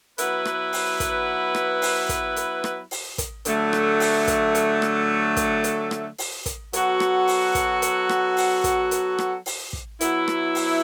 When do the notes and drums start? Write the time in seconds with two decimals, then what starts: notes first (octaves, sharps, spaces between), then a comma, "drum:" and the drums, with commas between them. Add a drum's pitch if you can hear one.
0.18 F#3 B3 E4 B4, drum: hi-hat
0.45 drum: rim click
0.73 drum: open hi-hat
1.00 drum: kick, hi-hat
1.55 drum: rim click
1.82 drum: open hi-hat
2.09 drum: kick, hi-hat
2.36 drum: hi-hat
2.64 drum: rim click
2.91 drum: open hi-hat
3.18 drum: kick, hi-hat
3.45 D3 F#3 A3, drum: hi-hat
3.73 drum: rim click
4.00 drum: open hi-hat
4.27 drum: kick, hi-hat
4.55 drum: hi-hat
4.82 drum: rim click
5.37 drum: kick, hi-hat
5.64 drum: hi-hat
5.91 drum: rim click
6.18 drum: open hi-hat
6.46 drum: kick, hi-hat
6.73 F#3 B3 F#4 A4, drum: hi-hat
7.00 drum: rim click
7.28 drum: open hi-hat
7.55 drum: kick, hi-hat
7.82 drum: hi-hat
8.09 drum: rim click
8.37 drum: open hi-hat
8.64 drum: kick, hi-hat
8.91 drum: hi-hat
9.18 drum: rim click
9.46 drum: open hi-hat
9.73 drum: kick
10.01 F#3 B3 E4, drum: hi-hat
10.28 drum: rim click
10.55 drum: open hi-hat